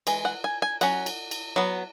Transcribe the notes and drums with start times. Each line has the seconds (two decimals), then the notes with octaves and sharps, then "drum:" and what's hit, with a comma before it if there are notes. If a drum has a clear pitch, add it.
0.07 E3 G#3, drum: cymbal
0.25 F#5
0.44 G#5
0.62 G#5
0.81 F#3 C#4 F#5, drum: cymbal
1.06 drum: cymbal
1.31 drum: cymbal
1.56 F#3 B3